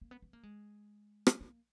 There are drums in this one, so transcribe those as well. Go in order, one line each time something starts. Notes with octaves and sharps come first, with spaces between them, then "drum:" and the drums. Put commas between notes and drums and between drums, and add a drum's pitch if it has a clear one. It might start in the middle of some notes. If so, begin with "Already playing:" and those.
A#3
B3
B3
A#3
G#3
drum: rim click
A#3